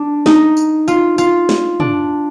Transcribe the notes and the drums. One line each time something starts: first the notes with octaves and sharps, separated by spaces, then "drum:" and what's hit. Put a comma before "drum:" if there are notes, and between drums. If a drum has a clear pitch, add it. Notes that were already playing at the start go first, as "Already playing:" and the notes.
Already playing: D4
D#4, drum: snare
drum: tambourine
F4, drum: tambourine
F4, drum: tambourine
drum: snare
D4, drum: tom